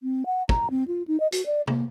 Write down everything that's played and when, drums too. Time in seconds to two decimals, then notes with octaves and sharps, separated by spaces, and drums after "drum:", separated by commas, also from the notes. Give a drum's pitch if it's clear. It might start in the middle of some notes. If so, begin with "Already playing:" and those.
0.03 C4
0.26 F#5
0.49 A#5, drum: kick
0.70 C4
0.88 F4
1.08 D#4
1.20 D#5
1.32 F#4, drum: hi-hat
1.46 D5
1.67 A#3, drum: tom C3